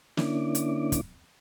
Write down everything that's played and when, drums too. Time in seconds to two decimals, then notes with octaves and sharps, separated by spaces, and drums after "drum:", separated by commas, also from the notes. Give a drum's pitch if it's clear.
0.17 D3 A#3 C#4 D4 E4 D6, drum: snare
0.55 drum: hi-hat
0.92 drum: kick, hi-hat